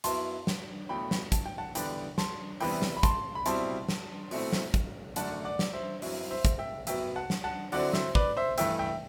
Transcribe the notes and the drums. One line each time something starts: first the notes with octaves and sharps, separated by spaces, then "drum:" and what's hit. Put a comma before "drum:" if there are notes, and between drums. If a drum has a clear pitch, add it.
F#2 F#3 B3 E4 A5 C6, drum: hi-hat
drum: snare
E2 B2 A3 G5 B5
drum: snare
A5, drum: kick, hi-hat
G5
F#5 A5
E2 D3 G3 B3 D4 G5 B5, drum: hi-hat
A5 C6, drum: snare
E2 C3 E3 G3 B3 G5 B5, drum: open hi-hat
drum: snare
B5
A5 C6, drum: kick, hi-hat
B5
B2 G3 C4 E4 A5 C6, drum: hi-hat
drum: snare
B2 A3 C4 E4, drum: open hi-hat
drum: snare
drum: kick, hi-hat
F#2 D3 F#3 A3 D4 F#5 A5, drum: hi-hat
D5 F#5
drum: snare
C5 E5
F#2 F#3 C4 E4, drum: open hi-hat
C5 E5
drum: kick, hi-hat
E5 G5
F#2 F#3 B3 E5 G5, drum: hi-hat
F#5 A5
drum: snare
F#5 A5
D3 F#3 C4 E4 D5 F#5, drum: open hi-hat
C5 E5, drum: snare
B4 D5, drum: kick
C5 E5
G2 E3 A3 E5 G5, drum: hi-hat
E5 G5